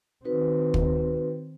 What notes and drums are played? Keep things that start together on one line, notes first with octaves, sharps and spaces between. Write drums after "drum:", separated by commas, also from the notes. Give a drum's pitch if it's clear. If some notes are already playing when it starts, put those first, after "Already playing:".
D#3 C4 D#4 F#4 B4
drum: kick